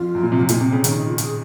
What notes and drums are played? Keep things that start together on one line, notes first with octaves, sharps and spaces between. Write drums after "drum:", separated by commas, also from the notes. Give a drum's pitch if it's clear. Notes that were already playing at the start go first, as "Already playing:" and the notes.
Already playing: F2 F4
F#2
A#2
C3
F#2
A#2 D#4, drum: hi-hat
C3 C4
C#3 C4
D#3 C#4, drum: hi-hat
D#4
F4
G#4, drum: hi-hat